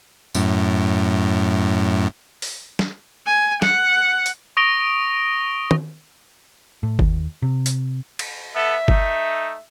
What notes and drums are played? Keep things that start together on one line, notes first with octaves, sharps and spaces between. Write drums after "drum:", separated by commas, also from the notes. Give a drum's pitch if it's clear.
F#2 A2, drum: tambourine
drum: open hi-hat
drum: snare
G#5
F#5, drum: snare
drum: hi-hat
C#6 D#6 A#6 D7 F7 G7
drum: tom
A2
D#2, drum: kick G1
C3
drum: hi-hat
drum: cymbal
B3 A4 E5
A3 D#4, drum: kick G1